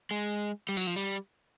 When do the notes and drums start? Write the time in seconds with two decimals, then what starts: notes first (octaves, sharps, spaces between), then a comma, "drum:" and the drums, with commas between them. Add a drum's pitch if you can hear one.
0.11 G#3
0.69 G3
0.77 F#3, drum: tambourine
0.87 F3
0.96 G3